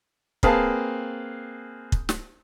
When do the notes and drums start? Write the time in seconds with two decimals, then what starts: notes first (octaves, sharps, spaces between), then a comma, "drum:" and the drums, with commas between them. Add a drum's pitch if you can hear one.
0.43 A#3 C4 G#4 B4 F5 A5, drum: kick
1.92 drum: kick
2.09 drum: snare